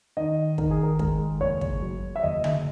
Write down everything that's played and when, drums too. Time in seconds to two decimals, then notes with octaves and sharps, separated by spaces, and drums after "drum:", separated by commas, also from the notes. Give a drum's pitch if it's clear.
0.17 D#3 D#5
0.58 D#3 A#4, drum: kick
0.71 G#4
0.83 A#4
0.99 G#3 A#4, drum: kick
1.40 F#1 C#5
1.61 drum: kick
1.82 F#3
2.16 E5
2.23 F#1 D#5
2.44 drum: tom D3